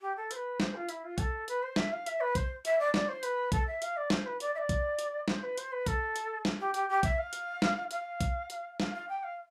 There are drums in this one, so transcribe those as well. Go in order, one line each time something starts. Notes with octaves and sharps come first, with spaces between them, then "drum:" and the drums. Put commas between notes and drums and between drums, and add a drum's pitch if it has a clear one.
G4
A4
C5, drum: hi-hat
B4
C5, drum: snare
F4
E4, drum: hi-hat
F4
A4, drum: kick, hi-hat
B4, drum: hi-hat
C5
E5, drum: snare
F5
E5, drum: hi-hat
B4
C5, drum: kick, hi-hat
E5, drum: hi-hat
D5
D5, drum: snare
C5
B4, drum: hi-hat
A4, drum: kick, hi-hat
E5
F5, drum: hi-hat
D5
C5, drum: snare
B4
D5, drum: hi-hat
E5
D5
drum: kick, hi-hat
drum: hi-hat
C5, drum: snare
B4
C5, drum: hi-hat
B4
A4, drum: kick, hi-hat
drum: hi-hat
drum: snare
G4
G4, drum: hi-hat
G4
E5, drum: kick, hi-hat
F5
drum: hi-hat
drum: snare
F5, drum: hi-hat
drum: kick, hi-hat
drum: hi-hat
F5, drum: snare
F5
G5
F5